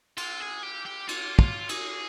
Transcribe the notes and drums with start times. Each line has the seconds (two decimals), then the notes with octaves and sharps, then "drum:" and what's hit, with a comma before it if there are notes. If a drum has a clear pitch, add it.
0.17 F4, drum: cymbal
0.40 G#4
0.63 G4
0.86 G4
1.09 F4, drum: cymbal
1.39 F4, drum: kick
1.69 G#4, drum: cymbal